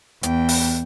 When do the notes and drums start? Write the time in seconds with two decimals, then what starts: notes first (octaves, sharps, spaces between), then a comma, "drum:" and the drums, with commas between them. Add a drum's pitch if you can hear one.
0.23 E2 G5, drum: hi-hat
0.49 drum: open hi-hat